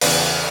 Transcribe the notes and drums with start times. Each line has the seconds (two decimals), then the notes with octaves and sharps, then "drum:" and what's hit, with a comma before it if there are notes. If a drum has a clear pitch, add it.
0.01 E2 C#3 E3 B4 D5, drum: open hi-hat